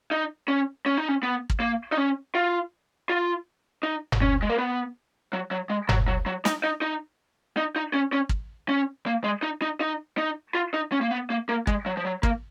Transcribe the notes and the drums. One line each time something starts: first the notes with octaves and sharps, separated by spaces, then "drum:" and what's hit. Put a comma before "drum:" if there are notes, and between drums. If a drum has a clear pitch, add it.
D#4
C#4
C#4
D#4
C#4
B3
drum: kick
A#3
D#4
C#4
F4
F4
D#4
drum: tom F#1
C#4
G#3
A#3
B3
F#3
F#3
G#3
F#3, drum: tom F#1
F#3
F#3
D#4, drum: snare
D#4
D#4
D#4
D#4
C#4
C#4
drum: kick
C#4
A#3
G#3
D#4
D#4
D#4
D#4
F4
D#4
C#4
A#3
B3
A#3
A#3
G#3, drum: kick
F#3
F3
F#3
A#3, drum: kick